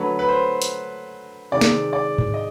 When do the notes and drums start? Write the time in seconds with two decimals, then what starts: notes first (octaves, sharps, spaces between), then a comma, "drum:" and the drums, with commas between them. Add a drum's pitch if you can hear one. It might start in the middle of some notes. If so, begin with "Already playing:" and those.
Already playing: D3 F#3 A3 B4
0.19 B4
0.28 C5
0.62 drum: hi-hat
1.52 C3 D#3 G#3 D5
1.61 drum: snare
1.93 D5
2.18 drum: tom G#2
2.34 D#5